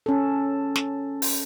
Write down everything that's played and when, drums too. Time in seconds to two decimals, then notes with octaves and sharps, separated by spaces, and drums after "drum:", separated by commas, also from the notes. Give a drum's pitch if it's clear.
0.06 C#4 A4
0.76 drum: snare
1.22 drum: open hi-hat